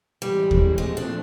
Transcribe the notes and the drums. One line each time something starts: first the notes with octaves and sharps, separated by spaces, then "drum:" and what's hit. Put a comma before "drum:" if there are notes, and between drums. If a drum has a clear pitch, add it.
A2 E3 G3 G#3 C4
drum: kick D#2
A#2 F3 G#3 A3 C4
D4